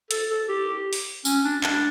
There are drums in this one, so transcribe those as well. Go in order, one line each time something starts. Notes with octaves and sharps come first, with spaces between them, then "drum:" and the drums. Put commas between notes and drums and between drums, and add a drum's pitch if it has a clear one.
A4, drum: hi-hat
A4
G4
drum: open hi-hat
C#4, drum: tambourine
D4
D4, drum: clap